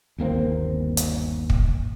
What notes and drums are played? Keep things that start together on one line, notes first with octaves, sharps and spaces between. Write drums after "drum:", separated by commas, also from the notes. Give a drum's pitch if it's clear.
G1 D#2 A#3 C4
drum: hi-hat
drum: kick